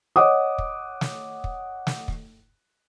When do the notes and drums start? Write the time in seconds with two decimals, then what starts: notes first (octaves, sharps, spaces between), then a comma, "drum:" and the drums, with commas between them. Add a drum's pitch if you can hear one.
0.16 C#5 D#5 F#5 D6 D#6
0.58 drum: kick
1.01 drum: snare
1.44 drum: kick
1.87 drum: snare
2.08 drum: kick